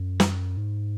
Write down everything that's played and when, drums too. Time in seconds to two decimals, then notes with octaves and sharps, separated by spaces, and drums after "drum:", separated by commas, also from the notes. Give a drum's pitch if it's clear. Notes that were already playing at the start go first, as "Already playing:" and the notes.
Already playing: F#2
0.20 drum: snare
0.57 G#2